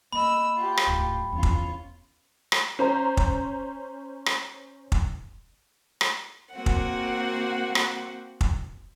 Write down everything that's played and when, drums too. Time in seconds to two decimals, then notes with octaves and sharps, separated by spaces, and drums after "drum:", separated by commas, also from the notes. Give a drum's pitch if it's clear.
0.13 A#3 D#5 B5 E6
0.56 F4 G4
0.77 drum: rim click
0.87 D1 G#2
1.33 E2 C#4 F4
1.43 drum: kick
2.52 drum: rim click
2.79 C#4 C5 A#5
3.17 drum: kick
4.26 drum: rim click
4.92 drum: kick
6.01 drum: rim click
6.55 A#3 C4 F#4 F#5
6.66 drum: kick
7.75 drum: rim click
8.41 drum: kick